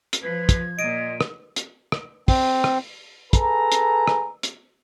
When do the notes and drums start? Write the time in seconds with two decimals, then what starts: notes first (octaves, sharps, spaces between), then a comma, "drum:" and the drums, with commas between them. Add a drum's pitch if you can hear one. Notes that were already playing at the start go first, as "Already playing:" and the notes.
0.13 drum: hi-hat
0.23 F3 B4 G#6
0.49 drum: kick, hi-hat
0.79 A#2 D#5 D7 D#7
1.21 drum: rim click
1.56 drum: hi-hat
1.92 drum: rim click
2.28 C4, drum: kick, open hi-hat
2.64 drum: rim click
3.33 G#4 A4 B4 G#5 A#5, drum: kick, hi-hat
3.72 drum: hi-hat
4.07 drum: rim click
4.43 drum: hi-hat